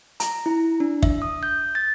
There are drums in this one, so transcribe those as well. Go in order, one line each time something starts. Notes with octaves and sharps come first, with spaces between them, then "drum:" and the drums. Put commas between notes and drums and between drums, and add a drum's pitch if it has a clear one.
A#5, drum: hi-hat
E4
D4
E5, drum: kick
D#6
G6
A6